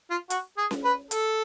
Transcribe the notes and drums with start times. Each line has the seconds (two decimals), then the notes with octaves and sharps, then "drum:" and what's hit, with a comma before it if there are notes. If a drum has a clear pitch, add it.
0.10 F4
0.30 F#4, drum: hi-hat
0.57 G#4
0.71 drum: snare C#4
0.84 B4
1.11 A4, drum: hi-hat